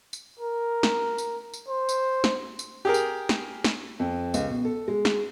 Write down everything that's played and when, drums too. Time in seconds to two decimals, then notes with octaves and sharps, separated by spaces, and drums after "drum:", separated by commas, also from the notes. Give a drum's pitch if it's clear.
0.13 drum: tambourine
0.39 A#4
0.83 drum: snare
1.18 drum: tambourine
1.54 drum: tambourine
1.68 C5
1.89 drum: tambourine
2.24 drum: snare
2.59 drum: tambourine
2.85 G4 G#4 A#4
2.94 drum: tambourine
3.29 drum: snare
3.64 drum: snare
4.00 F2
4.34 C#2, drum: tambourine
4.50 B2
4.65 A4
4.88 G#3
5.05 drum: snare